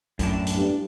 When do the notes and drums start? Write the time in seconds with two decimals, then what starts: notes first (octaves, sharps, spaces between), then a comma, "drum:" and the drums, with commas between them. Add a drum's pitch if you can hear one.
0.19 F#2 A2 D4, drum: kick B1, hi-hat
0.47 drum: hi-hat
0.57 G2